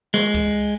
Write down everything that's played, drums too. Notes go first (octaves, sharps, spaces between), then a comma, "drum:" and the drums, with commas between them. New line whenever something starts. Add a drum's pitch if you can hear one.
G#3, drum: snare
drum: kick C#2, cymbal